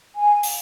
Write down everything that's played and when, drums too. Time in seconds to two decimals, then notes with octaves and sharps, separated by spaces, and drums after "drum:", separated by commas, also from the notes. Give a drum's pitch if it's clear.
0.16 G#5
0.43 drum: open hi-hat